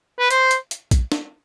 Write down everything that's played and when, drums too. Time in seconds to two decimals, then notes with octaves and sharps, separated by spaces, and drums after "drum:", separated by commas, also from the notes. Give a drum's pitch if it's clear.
0.19 B4
0.31 C5, drum: hi-hat
0.51 drum: hi-hat
0.71 drum: hi-hat
0.91 drum: kick A#1, hi-hat
1.12 drum: snare